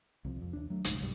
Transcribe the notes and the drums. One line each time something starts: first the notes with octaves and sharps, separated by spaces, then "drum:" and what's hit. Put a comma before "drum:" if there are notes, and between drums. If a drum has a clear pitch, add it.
C2 C3 F3
F2
D#2 D4
F#3 A3
F1 B1 G#2 C#3, drum: hi-hat
B1 F#2 B2 G3